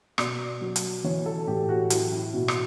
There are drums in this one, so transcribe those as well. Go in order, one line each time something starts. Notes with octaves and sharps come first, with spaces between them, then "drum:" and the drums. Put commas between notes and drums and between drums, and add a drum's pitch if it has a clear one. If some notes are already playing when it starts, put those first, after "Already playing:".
B2 D5, drum: rim click
F#3
drum: hi-hat
E3 C#5
A4
A2 G4
F#4
F#3 E4, drum: hi-hat
E4
B2 F#4
drum: rim click